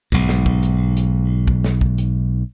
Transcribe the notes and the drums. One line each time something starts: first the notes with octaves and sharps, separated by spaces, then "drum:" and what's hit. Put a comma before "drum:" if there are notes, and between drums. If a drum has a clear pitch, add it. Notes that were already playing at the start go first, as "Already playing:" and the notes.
B1 G#2, drum: kick
drum: snare
drum: kick
drum: hi-hat
drum: hi-hat
drum: kick
drum: snare
drum: kick
drum: hi-hat